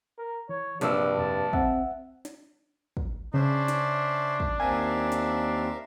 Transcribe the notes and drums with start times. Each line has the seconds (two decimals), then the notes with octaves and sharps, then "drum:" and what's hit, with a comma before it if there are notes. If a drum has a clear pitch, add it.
0.18 A#4
0.49 E3 C#5
0.81 A#1 G2 C3 F3 D4 E6, drum: snare
1.17 F2 C3 A5
1.53 C4 E5 F#5, drum: kick
2.25 drum: snare
2.97 drum: kick
3.34 C#3 C#4 D4 C5 E5
3.68 drum: snare
4.40 drum: kick
4.60 D#2 C4 A#4 E5 F5 G#5
5.12 drum: snare